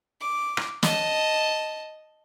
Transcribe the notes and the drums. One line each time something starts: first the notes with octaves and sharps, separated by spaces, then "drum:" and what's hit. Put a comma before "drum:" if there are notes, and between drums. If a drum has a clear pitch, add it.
D6
drum: rim click
D#5 A5, drum: snare